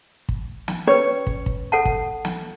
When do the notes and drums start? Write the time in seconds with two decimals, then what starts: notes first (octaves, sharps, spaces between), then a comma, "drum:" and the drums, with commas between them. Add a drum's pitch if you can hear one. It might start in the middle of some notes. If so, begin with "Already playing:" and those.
0.29 drum: kick
0.68 drum: snare
0.87 C#4 B4 C#5
1.27 drum: kick
1.46 drum: kick
1.72 A4 F#5 A5
1.85 drum: kick
2.25 drum: snare